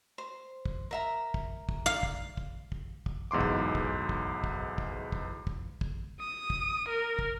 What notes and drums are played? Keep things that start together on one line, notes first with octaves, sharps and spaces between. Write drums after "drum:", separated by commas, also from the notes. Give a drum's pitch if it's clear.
C5
drum: kick
A#4 E5 A#5
drum: kick
drum: kick
F5
drum: kick
drum: kick
drum: kick
drum: kick
B1 E2 G#2 C6 D6
drum: kick
drum: kick
drum: kick
drum: kick
drum: kick
drum: kick
drum: kick
drum: kick
D#6
drum: kick
A#4
drum: kick